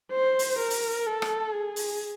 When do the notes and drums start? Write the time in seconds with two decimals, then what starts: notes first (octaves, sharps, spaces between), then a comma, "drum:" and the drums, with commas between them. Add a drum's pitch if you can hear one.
0.11 C5
0.39 drum: open hi-hat
0.59 A#4
0.70 drum: open hi-hat
1.06 A4
1.22 drum: rim click
1.54 G#4
1.76 drum: open hi-hat